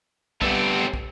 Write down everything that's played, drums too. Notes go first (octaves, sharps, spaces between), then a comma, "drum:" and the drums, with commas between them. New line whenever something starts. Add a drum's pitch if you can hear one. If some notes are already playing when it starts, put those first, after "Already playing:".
G3 A3 B3 C4 D4, drum: kick
drum: kick